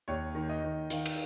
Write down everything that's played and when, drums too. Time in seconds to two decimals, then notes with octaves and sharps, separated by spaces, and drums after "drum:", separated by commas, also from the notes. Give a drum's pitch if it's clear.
0.08 D#2 C#5
0.35 D#3
0.49 D#5
0.64 D#3
0.90 D#3 F5, drum: hi-hat
1.06 drum: cymbal